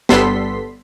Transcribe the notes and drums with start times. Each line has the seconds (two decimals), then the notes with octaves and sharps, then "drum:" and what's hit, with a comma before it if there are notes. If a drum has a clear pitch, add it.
0.09 G1 G3 B3 A4 C6 B6, drum: snare